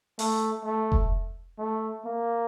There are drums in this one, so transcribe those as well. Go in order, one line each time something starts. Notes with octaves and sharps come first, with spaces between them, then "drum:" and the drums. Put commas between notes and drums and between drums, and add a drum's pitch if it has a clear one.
A3, drum: open hi-hat
A3
drum: kick F1
A3
A#3